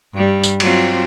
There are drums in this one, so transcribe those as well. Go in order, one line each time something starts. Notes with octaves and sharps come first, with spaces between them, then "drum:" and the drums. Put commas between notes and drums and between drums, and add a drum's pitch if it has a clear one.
G2 G3
drum: tambourine
F#3 C4 F4, drum: cymbal